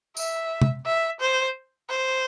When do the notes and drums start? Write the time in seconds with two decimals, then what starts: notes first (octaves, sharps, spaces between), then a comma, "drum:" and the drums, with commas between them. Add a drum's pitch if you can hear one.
0.17 E5, drum: tambourine
0.62 drum: tom
0.86 E5
1.20 C5
1.89 C5